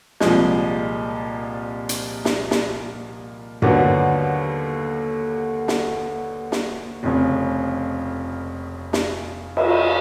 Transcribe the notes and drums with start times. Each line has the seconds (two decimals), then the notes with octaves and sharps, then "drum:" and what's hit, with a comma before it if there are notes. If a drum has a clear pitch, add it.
0.20 C2 A#2 F3 G#3, drum: snare
1.89 drum: hi-hat
2.25 drum: snare
2.51 drum: snare
3.62 D#2 D3 F#3 B3, drum: tom G2
5.68 drum: snare
6.52 drum: snare
7.03 F1 F2 C#3
8.93 drum: snare
9.57 drum: cymbal